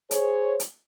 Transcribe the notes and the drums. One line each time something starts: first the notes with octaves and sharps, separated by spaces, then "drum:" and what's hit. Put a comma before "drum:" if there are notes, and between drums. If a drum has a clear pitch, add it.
G#4 C5 C#5, drum: hi-hat
drum: hi-hat